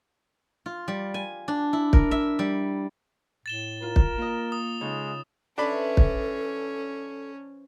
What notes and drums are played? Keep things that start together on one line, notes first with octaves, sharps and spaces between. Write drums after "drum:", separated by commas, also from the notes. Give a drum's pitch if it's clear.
F4
G3
G#5
D4
E4
A#4, drum: kick
E5
G3
A2 A6 E7 G7
F4 A#4
drum: kick
A#3 F4 D#5
D#6
C#3 G#3 D#4 A4
E3 C#4 D4 A4 C5 D5 B5
drum: kick